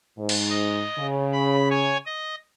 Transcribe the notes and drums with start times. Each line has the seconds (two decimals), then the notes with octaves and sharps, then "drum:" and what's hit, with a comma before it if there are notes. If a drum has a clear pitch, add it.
0.18 G#2
0.29 drum: cymbal
0.50 D#5
0.98 C#3
1.33 B5
1.70 C#5 G#5
2.06 D#5